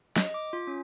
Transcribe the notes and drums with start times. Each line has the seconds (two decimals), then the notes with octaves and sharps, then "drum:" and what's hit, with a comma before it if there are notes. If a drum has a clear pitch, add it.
0.16 D#5, drum: snare
0.34 D6
0.53 F4
0.67 C#4